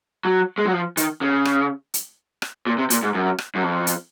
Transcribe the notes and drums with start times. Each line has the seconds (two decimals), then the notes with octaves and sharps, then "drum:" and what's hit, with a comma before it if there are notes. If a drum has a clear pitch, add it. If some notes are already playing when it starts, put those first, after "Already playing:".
0.25 F#3
0.58 G#3
0.66 F#3
0.73 F3
0.97 D#3, drum: hi-hat
1.21 C#3
1.45 drum: rim click
1.94 drum: hi-hat
2.42 drum: rim click
2.67 A#2
2.78 C3
2.90 A#2, drum: hi-hat
3.03 G#2
3.14 F#2
3.38 drum: rim click
3.55 F#2
3.63 F2
3.87 drum: hi-hat